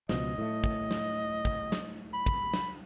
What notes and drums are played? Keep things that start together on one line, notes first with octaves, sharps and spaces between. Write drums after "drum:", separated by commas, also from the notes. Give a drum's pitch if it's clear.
C#2 B2 F3 D#5, drum: snare
A2 A3
drum: kick
drum: snare
drum: kick
drum: snare
B5
drum: kick
drum: snare